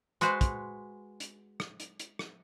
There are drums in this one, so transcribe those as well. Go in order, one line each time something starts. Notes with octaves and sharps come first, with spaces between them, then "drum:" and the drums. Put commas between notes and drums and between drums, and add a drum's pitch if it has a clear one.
G#3 F#4 B4 C5, drum: hi-hat
drum: kick, hi-hat
drum: hi-hat
drum: rim click
drum: hi-hat
drum: hi-hat
drum: rim click